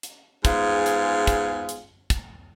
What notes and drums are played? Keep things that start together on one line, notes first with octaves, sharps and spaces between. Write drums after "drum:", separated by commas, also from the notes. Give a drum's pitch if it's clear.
drum: hi-hat
G#2 B3 F4 G#4, drum: kick, hi-hat
drum: hi-hat
drum: kick, hi-hat
drum: hi-hat
drum: kick, hi-hat